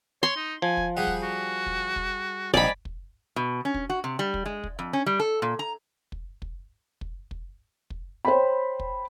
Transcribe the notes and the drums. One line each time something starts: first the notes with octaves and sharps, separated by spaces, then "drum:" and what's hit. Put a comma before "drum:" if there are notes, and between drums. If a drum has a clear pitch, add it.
C#5 C6
D#4
F3 G#5
drum: kick
G3 G4 G#4 F#5
drum: kick
F#4
drum: kick
drum: kick
A#1 G3 C4 D#4 D5 G#5 B5, drum: kick
drum: kick
B2
C#4
drum: kick
F#4
C3
G3
drum: kick
G#3
drum: kick
F2
C#4
G3
A4
A#2
A#5
drum: kick
drum: kick
drum: kick
drum: kick
drum: kick
C5 C#5 G5 B5
drum: kick